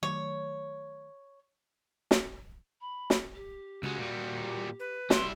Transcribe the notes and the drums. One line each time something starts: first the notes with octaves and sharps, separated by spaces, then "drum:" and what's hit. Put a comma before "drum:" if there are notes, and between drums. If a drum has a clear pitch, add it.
D#3 F#3 A3 C#5
drum: snare
B5
drum: snare
G4
C#2 G#3 F#4
A#2 G3
B4
G3 E4 C6, drum: snare